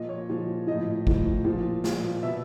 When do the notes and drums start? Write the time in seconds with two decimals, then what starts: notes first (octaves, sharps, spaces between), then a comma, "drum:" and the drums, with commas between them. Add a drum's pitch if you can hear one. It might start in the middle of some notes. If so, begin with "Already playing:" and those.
Already playing: A#2 F3 D#5
0.09 C#5
0.29 A#2 F3
0.67 A2 F3 D#5
1.07 A2 F3, drum: kick
1.45 A#2 F3
1.84 A#2 F3, drum: snare
2.23 B2 E5